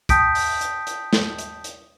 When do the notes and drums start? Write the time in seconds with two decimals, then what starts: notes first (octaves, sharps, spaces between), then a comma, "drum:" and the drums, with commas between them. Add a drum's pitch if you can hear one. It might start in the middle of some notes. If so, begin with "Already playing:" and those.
0.09 G5 A5 D#6 G6 B6 D7, drum: kick, hi-hat
0.35 drum: open hi-hat
0.61 drum: hi-hat
0.87 drum: hi-hat
1.13 drum: snare
1.38 drum: hi-hat
1.64 drum: hi-hat